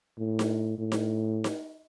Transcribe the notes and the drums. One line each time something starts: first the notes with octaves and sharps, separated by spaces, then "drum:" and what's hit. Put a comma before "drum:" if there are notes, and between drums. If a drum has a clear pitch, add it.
A2
drum: snare D#4
A2
drum: snare D#4
drum: snare D#4